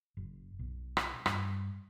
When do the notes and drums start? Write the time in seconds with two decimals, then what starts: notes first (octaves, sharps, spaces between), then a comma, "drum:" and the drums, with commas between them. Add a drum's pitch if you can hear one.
0.17 F#1
0.59 B1
0.97 drum: rim click
1.26 G2, drum: rim click